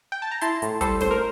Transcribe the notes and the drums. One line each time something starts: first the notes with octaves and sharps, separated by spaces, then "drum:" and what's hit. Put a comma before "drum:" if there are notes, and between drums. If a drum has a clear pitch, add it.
G5
A5
A#5
E4 A5 C6, drum: hi-hat
A2, drum: hi-hat
G3 A4 C5, drum: kick, hi-hat
A2 C5, drum: snare
A#4